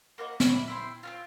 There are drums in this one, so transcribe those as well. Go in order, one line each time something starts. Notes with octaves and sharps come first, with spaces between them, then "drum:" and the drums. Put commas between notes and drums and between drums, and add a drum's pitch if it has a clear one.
A#3 F#4 C#5 D#5
E4, drum: snare
E4 C5 G5 C6
C4 C#4 F4